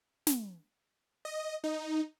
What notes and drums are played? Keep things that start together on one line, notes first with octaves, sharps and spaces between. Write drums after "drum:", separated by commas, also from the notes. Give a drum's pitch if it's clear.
drum: snare
D#5
D#4